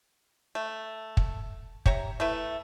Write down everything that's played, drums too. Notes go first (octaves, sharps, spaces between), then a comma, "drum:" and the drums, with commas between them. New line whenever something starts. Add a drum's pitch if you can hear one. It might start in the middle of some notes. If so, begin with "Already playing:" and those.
A3
drum: kick
G4 C#5 E5 A#5, drum: kick
A3 E4 B4